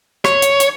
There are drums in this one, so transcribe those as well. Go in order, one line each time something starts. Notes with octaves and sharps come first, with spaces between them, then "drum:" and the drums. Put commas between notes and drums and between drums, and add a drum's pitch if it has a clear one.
C#5, drum: rim click
drum: hi-hat
drum: hi-hat